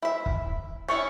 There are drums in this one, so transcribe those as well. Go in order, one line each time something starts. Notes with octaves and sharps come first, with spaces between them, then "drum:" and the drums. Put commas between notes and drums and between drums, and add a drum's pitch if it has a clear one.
E4 E5
drum: kick
C#4 D4 E4 C#6